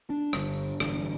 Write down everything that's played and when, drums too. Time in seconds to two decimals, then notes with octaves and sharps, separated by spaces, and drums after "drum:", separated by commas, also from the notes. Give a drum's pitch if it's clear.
0.10 D4
0.33 G1 G2 D3, drum: rim click
0.80 A1 G2 D3, drum: rim click